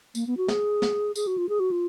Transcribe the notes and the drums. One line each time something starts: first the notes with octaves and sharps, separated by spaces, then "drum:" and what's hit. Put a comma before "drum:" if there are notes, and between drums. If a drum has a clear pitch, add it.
A#3, drum: tambourine
B3
F#4
G#4, drum: snare
drum: snare
G#4, drum: tambourine
F#4
F4
G#4
F#4
F4